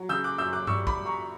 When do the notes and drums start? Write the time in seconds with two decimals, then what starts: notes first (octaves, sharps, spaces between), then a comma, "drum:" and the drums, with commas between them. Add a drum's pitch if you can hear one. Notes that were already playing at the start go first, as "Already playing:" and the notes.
Already playing: F#3
0.09 C#3 E6 G6
0.24 D6 F#6
0.38 F#2 E6 G6
0.53 D6 F#6
0.67 G3 C#6 E6, drum: tom G2
0.87 B5 D6, drum: kick
0.97 G3
1.06 A#5 C#6